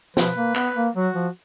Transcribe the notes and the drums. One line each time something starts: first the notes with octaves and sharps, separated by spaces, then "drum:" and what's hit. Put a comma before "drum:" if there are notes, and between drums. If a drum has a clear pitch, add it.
F3 B4, drum: snare
A#3
B3, drum: clap
A#3
F#3 F#4
F3